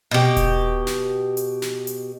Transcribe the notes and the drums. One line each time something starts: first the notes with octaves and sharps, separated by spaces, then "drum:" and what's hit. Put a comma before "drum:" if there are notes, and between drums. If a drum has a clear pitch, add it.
B2 G4
drum: kick D#1, hi-hat
drum: snare
drum: hi-hat
drum: snare
drum: hi-hat